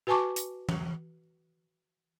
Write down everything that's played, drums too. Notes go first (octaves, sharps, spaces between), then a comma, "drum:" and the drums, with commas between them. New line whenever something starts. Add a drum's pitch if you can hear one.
F#4 B4 G#5 A5 C#6 D6
drum: hi-hat
drum: tom E3